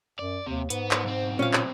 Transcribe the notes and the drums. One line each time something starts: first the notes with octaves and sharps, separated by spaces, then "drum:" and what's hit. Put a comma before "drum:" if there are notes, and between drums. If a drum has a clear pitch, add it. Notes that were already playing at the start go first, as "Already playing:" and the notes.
F#2 D5
D#2 C3
G#2 B3, drum: hi-hat
drum: clap
B1 C4
A#2 C#4 F5
drum: clap